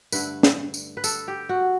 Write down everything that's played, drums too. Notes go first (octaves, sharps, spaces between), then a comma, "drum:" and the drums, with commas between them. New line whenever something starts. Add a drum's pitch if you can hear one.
G2 D3 A3 B4, drum: tambourine
drum: snare
drum: tambourine
B4
A4, drum: tambourine
G4
F#4